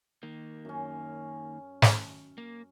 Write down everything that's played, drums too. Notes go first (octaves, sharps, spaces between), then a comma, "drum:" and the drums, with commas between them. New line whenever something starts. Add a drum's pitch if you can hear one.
D#3 A#3
F#2 C#4
drum: snare
A#3